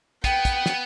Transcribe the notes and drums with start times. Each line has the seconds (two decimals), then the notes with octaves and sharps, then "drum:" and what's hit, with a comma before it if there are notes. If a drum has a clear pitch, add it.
0.24 B3 G5, drum: kick, hi-hat
0.45 drum: kick, hi-hat
0.66 drum: snare